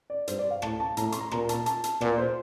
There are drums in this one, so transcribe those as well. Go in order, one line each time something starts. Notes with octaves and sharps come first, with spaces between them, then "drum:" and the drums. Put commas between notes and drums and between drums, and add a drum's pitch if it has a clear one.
D5
G2 C5, drum: hi-hat
D5
F5
A2 A5, drum: rim click
A5
A2 A#5, drum: hi-hat
C6, drum: hi-hat
A#5
A#2 A#5, drum: rim click
A5, drum: hi-hat
A5, drum: hi-hat
drum: hi-hat
A#2 D5, drum: rim click
C5